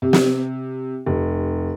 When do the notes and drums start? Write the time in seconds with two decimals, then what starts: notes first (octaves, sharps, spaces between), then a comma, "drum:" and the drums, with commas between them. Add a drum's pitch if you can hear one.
0.02 C3
0.13 drum: snare
1.06 F1